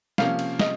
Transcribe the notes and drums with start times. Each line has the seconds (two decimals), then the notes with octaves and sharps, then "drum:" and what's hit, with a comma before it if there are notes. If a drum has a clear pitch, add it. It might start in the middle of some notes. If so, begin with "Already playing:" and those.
0.18 C3 F3 A#3 C#4 F5, drum: snare
0.39 drum: cymbal
0.60 D#5, drum: snare